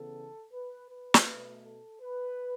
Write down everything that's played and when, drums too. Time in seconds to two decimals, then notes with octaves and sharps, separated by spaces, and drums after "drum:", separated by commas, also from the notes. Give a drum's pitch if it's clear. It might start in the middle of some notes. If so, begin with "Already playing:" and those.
Already playing: C#3 E3 B3 A4
0.52 B4
0.90 B4
1.14 drum: snare
1.28 B2 A3
1.65 A4
2.02 B4